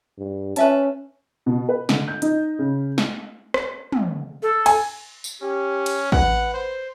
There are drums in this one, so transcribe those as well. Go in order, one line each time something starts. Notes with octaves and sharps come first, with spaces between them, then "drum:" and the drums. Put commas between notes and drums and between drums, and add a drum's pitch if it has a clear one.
G2
C#4 B4 E5 A5, drum: hi-hat
B2
B4
D3, drum: snare
G6
D#4, drum: hi-hat
C#3
drum: snare
drum: rim click
drum: tom
A4
G#5, drum: cymbal
drum: tambourine
C#4 G4
drum: cymbal
B4 F#5, drum: kick
C5